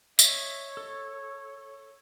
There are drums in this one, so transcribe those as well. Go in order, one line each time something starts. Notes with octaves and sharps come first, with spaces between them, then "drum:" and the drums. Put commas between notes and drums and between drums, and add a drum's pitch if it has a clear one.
C#5 D#5 E5, drum: tambourine
A4